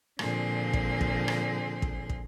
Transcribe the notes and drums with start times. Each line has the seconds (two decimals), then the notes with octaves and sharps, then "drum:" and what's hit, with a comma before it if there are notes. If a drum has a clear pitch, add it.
0.19 A#2 D3 F3 C4 G#4 C6, drum: rim click
0.73 drum: kick
1.01 drum: kick
1.28 drum: rim click
1.82 drum: kick
2.09 drum: kick